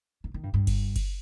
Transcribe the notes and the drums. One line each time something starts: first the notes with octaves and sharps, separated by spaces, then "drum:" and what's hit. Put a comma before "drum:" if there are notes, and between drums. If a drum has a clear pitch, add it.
D#3
D#3
G2
G2
drum: kick F#1, cymbal
drum: kick F#1, cymbal